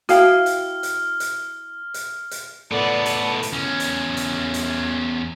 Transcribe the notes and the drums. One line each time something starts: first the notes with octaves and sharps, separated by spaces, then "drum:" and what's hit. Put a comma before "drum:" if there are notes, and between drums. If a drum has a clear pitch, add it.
E4 F#4 F5 G5 F6, drum: hi-hat
drum: hi-hat
drum: hi-hat
drum: hi-hat
drum: hi-hat
drum: hi-hat
A2 B3 A4 B4 D5 F#5
drum: hi-hat
drum: hi-hat
E2 C#4
drum: hi-hat
drum: hi-hat
drum: hi-hat